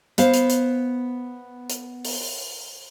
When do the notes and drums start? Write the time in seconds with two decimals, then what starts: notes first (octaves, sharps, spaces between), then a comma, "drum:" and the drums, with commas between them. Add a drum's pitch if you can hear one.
0.18 B3 C5 F5, drum: hi-hat
0.34 drum: hi-hat
0.50 drum: hi-hat
1.70 drum: hi-hat
2.05 drum: open hi-hat